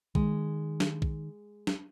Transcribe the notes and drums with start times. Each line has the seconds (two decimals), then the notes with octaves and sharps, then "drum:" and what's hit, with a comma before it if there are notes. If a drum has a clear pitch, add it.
0.15 D#3 G#3, drum: kick A#1
0.80 drum: snare
1.02 drum: kick A#1
1.67 drum: snare